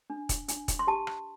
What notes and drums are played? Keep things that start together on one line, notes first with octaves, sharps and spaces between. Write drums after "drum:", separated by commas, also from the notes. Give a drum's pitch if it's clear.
D4
drum: kick, hi-hat
D4, drum: hi-hat
drum: kick, hi-hat
C6
G4 A5
drum: rim click